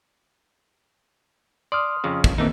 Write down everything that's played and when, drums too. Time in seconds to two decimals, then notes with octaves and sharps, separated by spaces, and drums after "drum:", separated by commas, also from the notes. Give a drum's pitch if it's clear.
1.72 D5 C6 D#6 F6
2.04 F2 C#3
2.24 drum: kick
2.38 D#3 E3 A3 A#3 C4 D#4